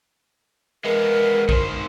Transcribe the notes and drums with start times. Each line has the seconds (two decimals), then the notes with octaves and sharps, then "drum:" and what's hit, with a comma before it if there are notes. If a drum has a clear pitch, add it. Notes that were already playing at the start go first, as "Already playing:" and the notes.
0.84 G#3 B3 A#4
1.49 D#3 C5, drum: kick A#1